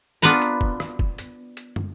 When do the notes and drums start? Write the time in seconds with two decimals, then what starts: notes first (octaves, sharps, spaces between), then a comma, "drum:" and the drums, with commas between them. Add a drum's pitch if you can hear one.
0.22 B3 D4 F4 B4 A#5
0.42 drum: hi-hat
0.61 drum: kick
0.80 drum: rim click
0.99 drum: kick
1.18 drum: hi-hat
1.57 drum: hi-hat
1.76 drum: tom